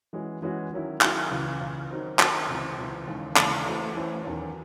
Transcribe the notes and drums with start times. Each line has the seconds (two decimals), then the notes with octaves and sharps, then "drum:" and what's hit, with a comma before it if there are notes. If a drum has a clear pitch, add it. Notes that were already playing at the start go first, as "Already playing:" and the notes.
0.13 E3 G#3 C#4 F#4
0.42 E3 G#3 C#4 F#4
0.72 D#3 F#3 C#4 E4
1.01 D#3 F#3 C#4 E4, drum: clap
1.31 C#2 C#3 E3
1.60 C#2 C#3 E3
1.90 D#3 F#3 C4 D#4
2.19 D#3 F#3 C4 D#4, drum: clap
2.48 C#2 C3 E3
2.78 C#2 C3 E3
3.07 D#2 C#3 E3 G#3
3.37 D#2 C#3 E3 G#3, drum: clap
3.66 E3 A3 C#4 F#4 C5
3.95 E3 A3 C#4 F#4 C5
4.24 E2 D#3 F#3 C#4